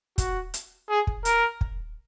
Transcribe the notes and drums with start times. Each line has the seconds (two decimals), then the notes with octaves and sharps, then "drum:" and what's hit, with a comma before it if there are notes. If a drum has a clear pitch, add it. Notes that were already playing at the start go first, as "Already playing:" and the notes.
0.18 F#4, drum: kick, hi-hat
0.54 drum: hi-hat
0.89 G#4
1.07 drum: kick
1.25 A#4, drum: hi-hat
1.61 drum: kick